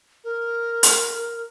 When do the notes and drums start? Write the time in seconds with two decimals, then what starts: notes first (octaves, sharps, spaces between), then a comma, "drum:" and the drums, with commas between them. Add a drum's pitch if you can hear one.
0.24 A#4
0.83 drum: hi-hat